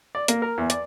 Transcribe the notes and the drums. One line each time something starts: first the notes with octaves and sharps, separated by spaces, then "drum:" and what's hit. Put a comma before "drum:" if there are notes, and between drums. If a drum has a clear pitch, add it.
D5
A#3, drum: hi-hat
A#4
E2
D5, drum: hi-hat